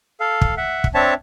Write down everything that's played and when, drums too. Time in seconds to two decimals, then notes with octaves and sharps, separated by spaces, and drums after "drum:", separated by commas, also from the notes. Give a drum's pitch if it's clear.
0.20 A4 F5
0.41 drum: kick
0.57 E5 F#5
0.84 drum: kick
0.94 C4 D4 C#5 E5 A5